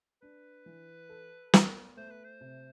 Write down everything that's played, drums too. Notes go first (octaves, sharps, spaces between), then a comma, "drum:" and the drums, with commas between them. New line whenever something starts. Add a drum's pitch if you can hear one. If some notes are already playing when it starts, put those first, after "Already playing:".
D4 B4
E3
A4
B3, drum: snare
A3 C5
B4
C5
C3